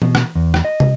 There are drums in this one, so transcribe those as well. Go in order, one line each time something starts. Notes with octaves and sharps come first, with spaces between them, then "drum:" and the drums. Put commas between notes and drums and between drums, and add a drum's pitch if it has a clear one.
B2, drum: tom E3
drum: rim click
E2
drum: rim click
D#5
drum: tom